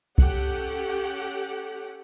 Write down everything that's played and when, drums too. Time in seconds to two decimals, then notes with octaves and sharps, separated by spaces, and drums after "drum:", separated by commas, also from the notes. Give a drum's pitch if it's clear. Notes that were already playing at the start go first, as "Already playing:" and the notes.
0.18 C#4 G4 A4 F#5, drum: kick B1